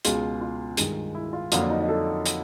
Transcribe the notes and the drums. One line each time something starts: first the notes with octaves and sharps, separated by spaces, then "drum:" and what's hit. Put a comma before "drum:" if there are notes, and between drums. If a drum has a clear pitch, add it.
C#2 B2 G#3 F4, drum: hi-hat
F4
G2 D#3 G#3, drum: hi-hat
E4
F4
F2 D3 F#3 A#3 F4, drum: hi-hat
D4
D#4
D#4
A4
drum: hi-hat